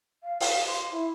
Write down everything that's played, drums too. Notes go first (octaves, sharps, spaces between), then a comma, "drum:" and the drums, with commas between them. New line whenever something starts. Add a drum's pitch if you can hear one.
F5
F5, drum: open hi-hat
C6
E4